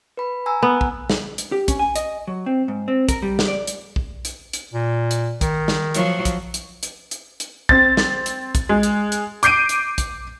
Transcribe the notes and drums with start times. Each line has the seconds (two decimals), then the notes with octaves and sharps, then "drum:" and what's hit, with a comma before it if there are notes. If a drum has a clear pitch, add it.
0.17 B4 B5
0.46 G#5 A#5 E6
0.63 B3
0.81 drum: kick A#1
1.10 drum: snare
1.38 drum: hi-hat
1.52 G4
1.68 C#4, drum: kick A#1, hi-hat
1.79 G#5
1.96 D#5, drum: hi-hat
2.27 F#3
2.46 C4
2.68 G#2
2.88 C4
3.09 A#4, drum: kick A#1, hi-hat
3.22 G3
3.39 drum: snare
3.48 D5
3.67 drum: hi-hat
3.96 drum: kick A#1
4.25 drum: hi-hat
4.53 drum: hi-hat
4.74 A#2
5.11 drum: hi-hat
5.41 D#3, drum: kick A#1, hi-hat
5.68 drum: snare
5.95 F3 F#3, drum: hi-hat
6.25 drum: kick A#1, hi-hat
6.54 drum: hi-hat
6.83 drum: hi-hat
7.11 drum: hi-hat
7.40 drum: hi-hat
7.69 C4 A6, drum: kick A#1
7.97 drum: snare
8.26 drum: hi-hat
8.55 drum: kick A#1, hi-hat
8.69 G#3
8.83 drum: hi-hat
9.12 drum: hi-hat
9.43 D6 G6 C7 D7 D#7, drum: hi-hat
9.69 drum: hi-hat
9.98 drum: kick A#1, hi-hat